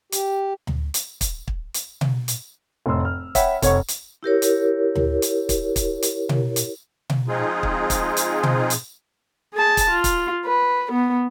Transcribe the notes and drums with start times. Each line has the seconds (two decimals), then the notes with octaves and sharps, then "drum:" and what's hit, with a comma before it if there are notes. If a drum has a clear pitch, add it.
0.12 G4, drum: hi-hat
0.67 drum: tom D2
0.94 drum: hi-hat
1.21 drum: kick, hi-hat
1.48 drum: kick
1.74 drum: hi-hat
2.01 drum: tom B2
2.28 drum: hi-hat
2.86 F1 A2 C6 E6
3.05 F6
3.35 C#5 E5 F#5 G5 B5, drum: kick, hi-hat
3.62 F1 C#5 F#5 C#6, drum: kick, hi-hat
3.88 drum: hi-hat
4.23 E4 G4 A#4 C#5
4.42 drum: hi-hat
4.95 drum: tom D2
5.22 drum: hi-hat
5.49 drum: kick, hi-hat
5.76 drum: kick, hi-hat
6.02 drum: hi-hat
6.29 drum: tom B2
6.56 drum: hi-hat
7.10 drum: tom B2
7.28 F3 G#3 C4 D#4 F4 G#4
7.63 drum: kick
7.90 drum: kick, hi-hat
8.17 drum: hi-hat
8.43 drum: tom B2
8.70 drum: hi-hat
9.54 G#4 A5
9.77 drum: kick, hi-hat
9.91 F4
10.04 drum: kick, hi-hat
10.46 B4
10.92 B3